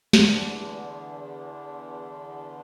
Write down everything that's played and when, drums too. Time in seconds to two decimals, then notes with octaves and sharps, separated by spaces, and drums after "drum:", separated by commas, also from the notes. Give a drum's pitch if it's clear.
0.13 E2 D3, drum: snare